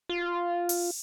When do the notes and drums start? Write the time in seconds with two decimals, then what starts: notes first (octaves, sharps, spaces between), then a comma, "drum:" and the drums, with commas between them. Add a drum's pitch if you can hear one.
0.09 F4
0.69 drum: open hi-hat